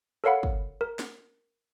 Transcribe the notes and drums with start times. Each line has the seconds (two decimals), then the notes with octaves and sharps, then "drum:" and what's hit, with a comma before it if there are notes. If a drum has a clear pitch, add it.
0.24 A4 A#4 C#5 F5 F#5 B5
0.43 drum: kick
0.81 A#4
0.99 drum: snare